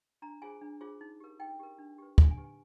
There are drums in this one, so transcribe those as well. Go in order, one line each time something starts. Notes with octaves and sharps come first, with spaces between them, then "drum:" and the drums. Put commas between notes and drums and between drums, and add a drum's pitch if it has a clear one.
D4 A#5
F4 G#4 C5 G#5
D4
F4 G#4 C5
D#4
G4 A#4
D#4 G5
G4 A#4
D4
G4 B4
D4 G#5, drum: kick
G#5
G4 B4
G#5